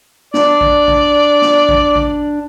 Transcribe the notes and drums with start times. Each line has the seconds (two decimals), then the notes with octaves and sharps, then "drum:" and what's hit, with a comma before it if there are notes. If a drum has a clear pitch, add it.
0.34 D4 D5, drum: snare
0.61 drum: kick A1
0.88 drum: kick A1
1.42 drum: snare
1.69 drum: kick A1
1.96 drum: kick A1